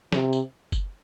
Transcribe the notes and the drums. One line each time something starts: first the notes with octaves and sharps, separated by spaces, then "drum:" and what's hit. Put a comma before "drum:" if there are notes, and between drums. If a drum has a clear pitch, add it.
C3, drum: snare
drum: tambourine
drum: kick F#1, tambourine